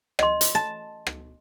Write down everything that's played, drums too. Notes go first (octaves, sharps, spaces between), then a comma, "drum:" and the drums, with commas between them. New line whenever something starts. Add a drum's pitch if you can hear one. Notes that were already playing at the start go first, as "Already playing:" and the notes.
D#5 C6, drum: rim click
drum: hi-hat
A5
drum: rim click